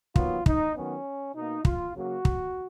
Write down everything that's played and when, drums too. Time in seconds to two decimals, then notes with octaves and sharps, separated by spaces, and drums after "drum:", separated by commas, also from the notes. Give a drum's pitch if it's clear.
0.16 D#3 F#3 B3 F4, drum: kick
0.46 D#4, drum: kick
0.76 D#3 F#3 B3 C#4
1.35 B2 A#3 D#4
1.65 F4, drum: kick
1.95 C#3 F#3 A#3 F#4
2.25 drum: kick